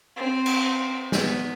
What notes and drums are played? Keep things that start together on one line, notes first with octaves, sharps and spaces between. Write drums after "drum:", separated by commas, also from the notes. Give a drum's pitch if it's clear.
C4
drum: cymbal
B3, drum: snare